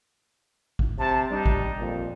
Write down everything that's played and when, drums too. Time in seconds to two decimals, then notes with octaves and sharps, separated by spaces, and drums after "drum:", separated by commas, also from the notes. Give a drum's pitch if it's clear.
0.79 drum: kick G#1
0.99 C3 A5
1.31 G3 D4 D#4
1.46 drum: kick G#1
1.79 F2 A#2